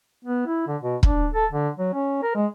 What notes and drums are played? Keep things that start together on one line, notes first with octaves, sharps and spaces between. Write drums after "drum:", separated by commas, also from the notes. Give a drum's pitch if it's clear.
B3
E4
D3
B2
D4, drum: kick
A4
D3
F#3
C#4
A#4
G#3